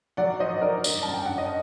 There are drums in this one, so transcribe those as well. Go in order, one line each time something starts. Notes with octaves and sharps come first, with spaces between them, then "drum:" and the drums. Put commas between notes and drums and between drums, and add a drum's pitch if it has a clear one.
F#3 D5 F#5
F#3 C5 D#5
F#3 A#4 D5
G2, drum: tambourine
F#2 A5
G5
D3 F#5
D#5